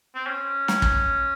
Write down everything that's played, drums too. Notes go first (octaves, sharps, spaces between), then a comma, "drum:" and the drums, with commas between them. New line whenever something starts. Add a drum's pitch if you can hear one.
C4
C#4
drum: snare
drum: kick